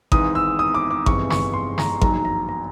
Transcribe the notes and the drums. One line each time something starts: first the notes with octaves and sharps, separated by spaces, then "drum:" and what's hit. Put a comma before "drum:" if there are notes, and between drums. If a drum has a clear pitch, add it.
G#1 G#2 E3 D#6, drum: kick G#1
E6
D#6
D6
D6
G1 F2 C3 E3 G#3 C#6, drum: kick G#1
C#6, drum: snare
C6
A#5, drum: snare
A#1 G#2 D#3 F#3 A#5, drum: kick G#1
A#5
A#5